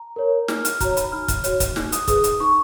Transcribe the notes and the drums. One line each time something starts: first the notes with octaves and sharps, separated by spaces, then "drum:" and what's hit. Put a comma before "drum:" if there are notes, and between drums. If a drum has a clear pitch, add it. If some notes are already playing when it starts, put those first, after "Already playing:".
Already playing: A#5
A#4 C#5
D#4 F6, drum: snare
F6, drum: hi-hat
F#4 C#5 A#5, drum: kick, hi-hat
B5, drum: hi-hat
D#4 F6
drum: kick, hi-hat
F#4 C#5, drum: hi-hat
drum: kick, hi-hat
D#4 F#6, drum: snare
D#6, drum: hi-hat
G#4 B4 D#6, drum: kick, hi-hat
D#6, drum: hi-hat
D#4 C#6